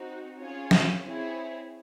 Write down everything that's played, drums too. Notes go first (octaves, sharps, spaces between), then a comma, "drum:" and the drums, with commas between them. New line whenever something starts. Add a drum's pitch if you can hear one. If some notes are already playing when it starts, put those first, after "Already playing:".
Already playing: C4 D#4 F#4
C#4 F4 G#4 C#5
drum: snare
C4 E4 G#4 C#5